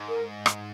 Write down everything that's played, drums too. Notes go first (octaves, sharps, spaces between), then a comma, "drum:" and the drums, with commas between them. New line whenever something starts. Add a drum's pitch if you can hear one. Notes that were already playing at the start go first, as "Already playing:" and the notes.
Already playing: G#2
A#4
drum: rim click